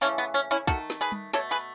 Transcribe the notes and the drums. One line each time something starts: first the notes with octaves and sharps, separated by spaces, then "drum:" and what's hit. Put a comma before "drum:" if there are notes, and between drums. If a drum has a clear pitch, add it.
C#3 E3 A3 C#4
B3
C#4
C#4 E4
D#3 A3 F#4 A4, drum: kick
drum: snare
G#4 B4
drum: tom G3
B2 A3 A4 C#5, drum: snare
G#4 B4